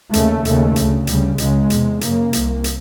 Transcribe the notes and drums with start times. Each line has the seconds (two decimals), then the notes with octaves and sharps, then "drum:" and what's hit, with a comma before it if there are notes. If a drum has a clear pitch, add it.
0.13 D#2 C#3 A3, drum: hi-hat
0.45 D#2 C#3, drum: hi-hat
0.76 D2 C#3, drum: hi-hat
1.07 D2 C#3 G3, drum: hi-hat
1.38 C#2 C#3 G#3, drum: hi-hat
1.70 E2 C3, drum: hi-hat
2.01 F#2 C#3 A#3, drum: hi-hat
2.33 C2 C3, drum: hi-hat
2.64 drum: hi-hat